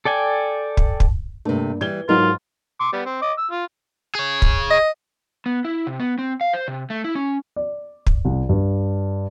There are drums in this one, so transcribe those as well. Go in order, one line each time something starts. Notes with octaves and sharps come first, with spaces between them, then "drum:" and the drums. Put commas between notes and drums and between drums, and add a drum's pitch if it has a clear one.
A4 D5 G5 G#5
drum: kick
drum: kick
G2 C3 A3 A#3
E3 G3 G#6 G7
G#2 F#3 D#4 F4 A#4
C6 D6
G3 B3
C4
D#5 D6
E6
F4
G#4 C#5
drum: kick
D#5
B3
E4
C3
B3
C4
F5
C5
C3
A3
E4
C#4
D5
drum: kick
C2
G2